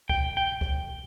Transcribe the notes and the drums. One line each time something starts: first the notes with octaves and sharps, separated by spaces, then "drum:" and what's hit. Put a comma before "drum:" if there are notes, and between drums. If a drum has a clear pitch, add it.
G5, drum: kick C#2
G5
drum: kick C#2